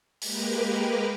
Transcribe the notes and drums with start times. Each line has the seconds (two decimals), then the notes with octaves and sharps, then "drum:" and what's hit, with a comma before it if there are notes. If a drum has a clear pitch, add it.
0.21 G#3 A#3 G4 A#4 B4, drum: open hi-hat